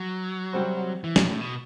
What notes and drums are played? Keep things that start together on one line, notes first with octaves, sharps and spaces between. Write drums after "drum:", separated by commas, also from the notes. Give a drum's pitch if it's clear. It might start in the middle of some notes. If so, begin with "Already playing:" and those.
Already playing: F#3
C3 G3 C4 F#4 C5
E3
A2, drum: snare
A2
B2